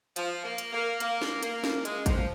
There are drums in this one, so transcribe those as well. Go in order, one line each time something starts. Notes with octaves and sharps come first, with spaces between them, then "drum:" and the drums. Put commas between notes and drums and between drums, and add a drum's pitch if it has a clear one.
F3, drum: hi-hat
A#3
drum: hi-hat
A#3
A#3, drum: hi-hat
drum: snare
A#3, drum: hi-hat
drum: snare
G#3, drum: hi-hat
F3, drum: kick G#1, hi-hat